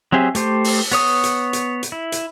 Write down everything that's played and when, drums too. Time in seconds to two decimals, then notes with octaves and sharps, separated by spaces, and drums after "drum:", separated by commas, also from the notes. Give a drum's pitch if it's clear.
0.12 F#3 C4 G4 G#4 E5
0.35 A3 G4 C5, drum: hi-hat
0.64 drum: open hi-hat
0.92 B3 C#5 D#6, drum: hi-hat
1.24 drum: hi-hat
1.53 drum: hi-hat
1.83 drum: hi-hat
1.92 E4
2.12 drum: hi-hat